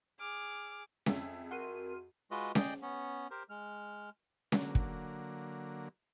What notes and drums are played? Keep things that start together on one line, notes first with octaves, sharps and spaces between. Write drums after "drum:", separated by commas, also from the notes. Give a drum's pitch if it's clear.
G#4 D6 F6
F2 G#4 E5, drum: snare C#4
F#4 A#4 C6 D#7
G#3 F4 F#4 B4 D#5
G#4 D5 D#5 G5, drum: snare C#4
B3 C#4
G4 A#4 C5
G#3 F6
D3 F#3 A#3, drum: snare C#4
drum: kick